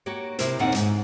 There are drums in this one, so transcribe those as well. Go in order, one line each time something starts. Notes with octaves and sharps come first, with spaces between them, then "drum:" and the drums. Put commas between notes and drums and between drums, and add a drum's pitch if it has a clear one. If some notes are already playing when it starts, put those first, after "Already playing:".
A#3 F#4 G4 C#5
C3 E4 G4 A#4 C5, drum: hi-hat
D#2 A#2 A#3 C4 D#4 F#5
G#2, drum: hi-hat